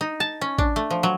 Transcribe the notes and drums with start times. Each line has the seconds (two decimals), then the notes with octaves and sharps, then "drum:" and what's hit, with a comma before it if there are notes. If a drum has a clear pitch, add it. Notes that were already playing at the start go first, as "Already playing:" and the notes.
0.01 D#4
0.20 A5
0.41 C#4
0.58 D4, drum: kick
0.76 A3
0.90 F3
1.03 F#3